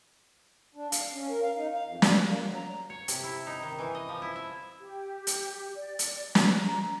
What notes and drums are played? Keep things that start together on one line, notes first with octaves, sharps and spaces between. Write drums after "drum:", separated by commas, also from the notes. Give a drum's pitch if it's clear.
D4
F5, drum: hi-hat
C#4
A#4
F5
D#4
F5
F2
G3, drum: snare
A#3
F#3
A#5
C#5
C3, drum: hi-hat
E4
D#4
D#3
E3
D#5
F3
E4
E5
G4
drum: hi-hat
D5
drum: hi-hat
drum: snare
A#5